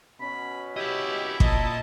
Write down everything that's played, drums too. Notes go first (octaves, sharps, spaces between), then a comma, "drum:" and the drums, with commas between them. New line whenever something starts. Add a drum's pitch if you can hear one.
B2 C#4 B5
E4 G4 C#5 D#5
A#2 D#5 A5, drum: kick